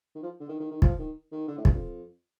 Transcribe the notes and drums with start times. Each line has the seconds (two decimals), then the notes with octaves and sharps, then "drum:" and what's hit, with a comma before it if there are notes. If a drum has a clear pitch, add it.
0.15 D#3
0.23 F3
0.40 D3
0.49 D#3
0.60 D#3
0.71 D#3
0.82 F3, drum: kick
0.99 D#3
1.32 D#3
1.48 D3
1.57 A2
1.65 G2, drum: kick
1.74 F2